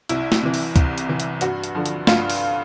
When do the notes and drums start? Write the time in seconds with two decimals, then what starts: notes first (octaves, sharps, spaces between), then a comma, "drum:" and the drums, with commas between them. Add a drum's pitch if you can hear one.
0.09 C2 E4, drum: hi-hat
0.32 drum: snare
0.43 C3 E3
0.54 drum: open hi-hat
0.76 C2, drum: kick, hi-hat
0.98 drum: hi-hat
1.09 C3 E3
1.20 drum: hi-hat
1.41 G2 F#4, drum: hi-hat
1.64 drum: hi-hat
1.75 D3 F3
1.86 drum: hi-hat
2.07 G2 F4, drum: snare
2.30 drum: open hi-hat